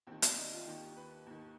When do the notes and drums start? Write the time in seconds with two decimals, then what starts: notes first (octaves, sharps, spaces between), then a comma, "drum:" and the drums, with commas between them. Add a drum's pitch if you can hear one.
0.07 D#2 D#3 C4
0.22 D4, drum: hi-hat
0.37 D#4
0.52 F4
0.66 D#2 D#3 G4
0.96 B4
1.26 D#2 D#3